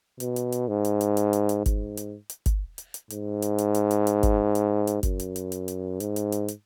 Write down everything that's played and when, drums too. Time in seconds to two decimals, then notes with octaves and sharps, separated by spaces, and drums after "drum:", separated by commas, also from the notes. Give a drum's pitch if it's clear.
0.20 B2, drum: hi-hat
0.36 drum: hi-hat
0.53 drum: hi-hat
0.68 G#2
0.85 drum: hi-hat
1.01 drum: hi-hat
1.17 drum: hi-hat
1.33 drum: hi-hat
1.49 drum: hi-hat
1.66 G#2, drum: kick G1, hi-hat
1.98 drum: hi-hat
2.30 drum: hi-hat
2.46 drum: kick G1, hi-hat
2.78 drum: hi-hat
2.94 drum: hi-hat
3.11 G#2, drum: hi-hat
3.43 drum: hi-hat
3.59 drum: hi-hat
3.75 drum: hi-hat
3.91 drum: hi-hat
4.07 drum: hi-hat
4.23 drum: kick G1, hi-hat
4.55 drum: hi-hat
4.88 drum: hi-hat
5.03 F#2, drum: kick G1, hi-hat
5.20 drum: hi-hat
5.36 drum: hi-hat
5.52 drum: hi-hat
5.68 drum: hi-hat
6.00 G#2, drum: hi-hat
6.16 drum: hi-hat
6.32 drum: hi-hat
6.49 drum: hi-hat